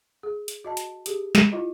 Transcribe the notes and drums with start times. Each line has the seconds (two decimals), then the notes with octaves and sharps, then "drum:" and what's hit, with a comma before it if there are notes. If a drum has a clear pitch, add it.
0.23 G#4
0.48 drum: hi-hat
0.65 F#4 D#5 A5
0.77 drum: hi-hat
1.06 G4 G#4, drum: hi-hat
1.35 drum: snare
1.52 E4 F4 D#5